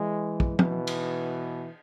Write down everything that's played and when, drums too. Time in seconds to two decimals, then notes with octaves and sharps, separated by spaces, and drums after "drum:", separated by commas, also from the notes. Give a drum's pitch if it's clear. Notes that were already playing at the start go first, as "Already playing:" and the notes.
Already playing: E3 G#3
0.40 drum: kick
0.59 B2 E3, drum: tom
0.87 drum: cymbal